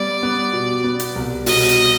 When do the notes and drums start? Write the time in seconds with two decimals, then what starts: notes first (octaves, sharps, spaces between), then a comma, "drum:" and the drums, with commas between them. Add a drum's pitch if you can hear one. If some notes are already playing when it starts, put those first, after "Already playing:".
Already playing: G3 B3 D5
0.23 B3
0.53 B2
0.84 B3
0.99 drum: hi-hat
1.16 C2
1.46 B2 D#5, drum: open hi-hat
1.69 drum: hi-hat